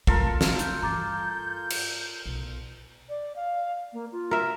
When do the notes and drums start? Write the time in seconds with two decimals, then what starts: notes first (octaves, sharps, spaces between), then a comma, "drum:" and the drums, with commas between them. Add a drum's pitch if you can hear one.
0.07 D2 F4 A4 A#4, drum: kick
0.41 drum: snare
0.59 G6, drum: hi-hat
0.82 G2 E3 A#5 D6 A6
1.70 drum: cymbal
2.26 B1
3.09 D5
3.36 F5
3.93 A#3
4.12 F4
4.31 A#4 E5